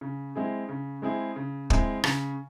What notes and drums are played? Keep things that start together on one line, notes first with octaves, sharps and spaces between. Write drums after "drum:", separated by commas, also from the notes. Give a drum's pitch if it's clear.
C#3
G#3 C4 E4 G#4
C#3
G#3 C4 E4 G#4
C#3
G#3 C4 E4 G#4, drum: kick
C#3, drum: rim click